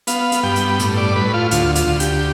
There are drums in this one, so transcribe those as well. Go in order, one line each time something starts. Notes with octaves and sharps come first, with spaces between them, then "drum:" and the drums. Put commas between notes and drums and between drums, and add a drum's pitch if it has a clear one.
B3 F5, drum: hi-hat
drum: hi-hat
G2 G5
drum: hi-hat
A2, drum: hi-hat
D5
A2 B4
F4
D2 F4, drum: hi-hat
F4, drum: hi-hat
D2
G4, drum: hi-hat